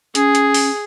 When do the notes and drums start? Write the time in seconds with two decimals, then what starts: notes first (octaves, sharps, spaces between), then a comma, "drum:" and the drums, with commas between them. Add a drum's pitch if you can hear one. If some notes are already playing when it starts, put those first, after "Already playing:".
0.15 C#4 G#4, drum: hi-hat
0.35 drum: hi-hat
0.54 drum: open hi-hat